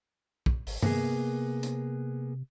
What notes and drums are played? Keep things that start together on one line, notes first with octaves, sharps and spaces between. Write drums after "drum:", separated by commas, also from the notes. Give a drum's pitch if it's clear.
drum: kick
G#1, drum: open hi-hat
C3 A#3 B3 G#4, drum: tom G2
drum: hi-hat